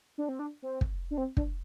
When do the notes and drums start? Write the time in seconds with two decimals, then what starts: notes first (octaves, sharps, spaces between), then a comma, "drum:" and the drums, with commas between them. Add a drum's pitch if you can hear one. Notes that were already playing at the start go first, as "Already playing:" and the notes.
0.18 D4
0.29 C4
0.39 D4
0.62 C4
0.81 drum: kick
1.11 D4
1.18 C4
1.37 D4, drum: kick